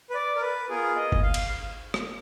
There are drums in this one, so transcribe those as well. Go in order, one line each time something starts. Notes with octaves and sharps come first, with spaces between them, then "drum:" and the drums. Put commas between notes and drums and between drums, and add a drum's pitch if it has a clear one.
B4
D5
A#4
B4
B3 F4 G#4 A#4
D#5
drum: kick G1
F5
drum: cymbal
drum: rim click